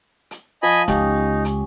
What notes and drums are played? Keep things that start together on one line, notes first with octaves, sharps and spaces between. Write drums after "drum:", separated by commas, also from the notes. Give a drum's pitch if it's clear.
drum: hi-hat
F3 D#5 G#5 B5 D#6
C#2 C#4 D#4 G4, drum: kick, hi-hat
drum: hi-hat